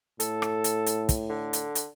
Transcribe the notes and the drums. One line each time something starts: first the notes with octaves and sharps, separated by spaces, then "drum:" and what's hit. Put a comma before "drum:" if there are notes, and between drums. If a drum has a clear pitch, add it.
A2 A4, drum: hi-hat
drum: rim click
drum: hi-hat
drum: hi-hat
drum: kick, hi-hat
D3
drum: hi-hat
drum: hi-hat